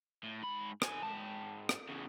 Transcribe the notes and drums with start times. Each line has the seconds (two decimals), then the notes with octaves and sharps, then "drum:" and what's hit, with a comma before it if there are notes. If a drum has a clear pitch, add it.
0.23 A2
0.42 G#2 B5
0.82 D#3 G#5, drum: rim click
1.03 G#2 A5
1.69 drum: rim click
1.89 E2 C#3